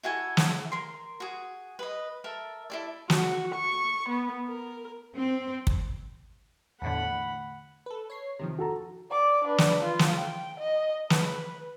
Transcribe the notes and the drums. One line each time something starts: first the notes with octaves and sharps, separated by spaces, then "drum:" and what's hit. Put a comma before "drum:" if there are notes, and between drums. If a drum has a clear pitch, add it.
E4 F#4 A4 G#5
drum: snare
A#4 C6
F#4 G#4
B4 D#5
A4 A#4 E5
E4 A4 D5
F#4, drum: snare
C#6
B3
A#4
C4
drum: kick
E2 A2 D3 F#5 B5
A4 B4
C#5 C7
C3 D#3 F3
F#4 A4 A#5
D5 D6
D4 B4
drum: snare
F4
drum: snare
G5
D#5
B4, drum: snare